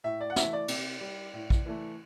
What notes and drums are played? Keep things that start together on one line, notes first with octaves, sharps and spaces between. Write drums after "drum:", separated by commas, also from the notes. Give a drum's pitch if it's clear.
A2 E5
D5
F#5
E3 A3 E5, drum: snare
D5
C3, drum: cymbal
G3
A2
drum: kick
E3 A3